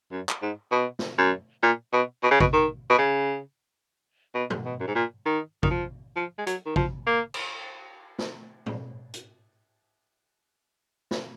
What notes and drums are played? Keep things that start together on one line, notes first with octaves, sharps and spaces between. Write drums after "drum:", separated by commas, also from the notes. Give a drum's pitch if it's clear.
F#2
drum: clap
G#2
B2
drum: snare
F#2
A#2
B2
B2
C#3
B2, drum: kick
D#3
B2
C#3
B2
drum: tom
B2
F#2
G#2
A#2
D#3
D#3, drum: kick
F3
F3
G#3
F#3, drum: hi-hat
D#3
F3, drum: kick
A#3
drum: cymbal
drum: snare
drum: tom A2
drum: hi-hat
drum: snare